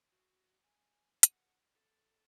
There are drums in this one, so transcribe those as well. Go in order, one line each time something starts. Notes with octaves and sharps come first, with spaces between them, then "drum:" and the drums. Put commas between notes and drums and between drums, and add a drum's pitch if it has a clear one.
F#4
G#5
F#5, drum: hi-hat
A4